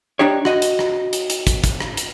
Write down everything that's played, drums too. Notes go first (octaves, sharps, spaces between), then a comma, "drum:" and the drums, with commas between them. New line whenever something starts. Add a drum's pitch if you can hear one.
D4 D#4 G4 C#5
F#4 D#5, drum: rim click
drum: hi-hat
drum: rim click
drum: hi-hat
drum: hi-hat
drum: kick, hi-hat
drum: kick, hi-hat
drum: rim click
drum: hi-hat